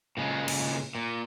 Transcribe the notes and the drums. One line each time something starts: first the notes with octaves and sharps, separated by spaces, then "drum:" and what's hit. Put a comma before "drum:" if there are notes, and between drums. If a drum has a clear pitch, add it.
A#2 C#3 G#3
drum: cymbal
A#2